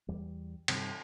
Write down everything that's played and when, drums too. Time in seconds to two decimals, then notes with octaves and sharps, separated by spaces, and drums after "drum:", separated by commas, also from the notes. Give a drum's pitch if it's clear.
0.08 E2 G3
0.68 G2 C3 D#3 G3, drum: cymbal